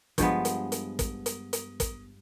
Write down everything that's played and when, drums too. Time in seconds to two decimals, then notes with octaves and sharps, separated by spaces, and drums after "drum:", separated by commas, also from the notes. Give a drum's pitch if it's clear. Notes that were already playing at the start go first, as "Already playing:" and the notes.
0.18 G2 F3 G#3 B3, drum: kick, hi-hat
0.45 drum: hi-hat
0.72 drum: hi-hat
0.99 drum: kick, hi-hat
1.26 drum: hi-hat
1.53 drum: hi-hat
1.80 drum: kick, hi-hat